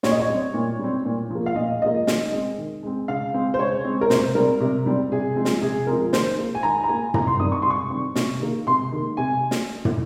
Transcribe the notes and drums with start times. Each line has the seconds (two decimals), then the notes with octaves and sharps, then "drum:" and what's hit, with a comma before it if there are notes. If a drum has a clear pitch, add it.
0.03 A#2 C#5, drum: snare
0.11 D#5
0.20 C#5
0.29 G3 C4
0.54 A#2
0.79 G3 C4
1.05 A#2
1.30 F3 A#3
1.46 F5
1.56 A#2 D#5
1.82 F3 A#3 D#5
2.07 D#3, drum: snare
2.32 G#3 C4
2.58 D#3
2.83 G#3 C4
3.08 C#3 F5
3.34 G#3 C4
3.54 C5
3.59 C#3 C#5
3.84 G#3 C4
4.01 A#4
4.10 C3 C5, drum: snare
4.35 G3 C4 A#4
4.61 C3
4.86 G3 C4
5.12 C3 G#4
5.36 F3 G#3 C4
5.45 drum: snare
5.61 C3 G#4
5.87 F3 G#3 C4 A#4
6.13 D#3 C5, drum: snare
6.39 A#3
6.55 G#5
6.63 D#3 A#5
6.84 A#5
6.89 A#3 G#5
7.14 C3 A#5, drum: tom
7.27 C6
7.40 D#3 G3 C4 D#6
7.52 C#6
7.62 C3 C6
7.71 C#6
7.90 D#3 G3 C4
8.15 C3, drum: snare
8.41 D#3 A#3
8.67 C3 C6
8.92 D#3 A#3
9.17 C3 G#5
9.51 drum: snare
9.85 drum: tom